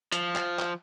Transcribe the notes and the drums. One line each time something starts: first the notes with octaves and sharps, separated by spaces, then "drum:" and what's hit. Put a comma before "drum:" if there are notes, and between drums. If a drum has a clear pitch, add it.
F3, drum: hi-hat
drum: clap
drum: clap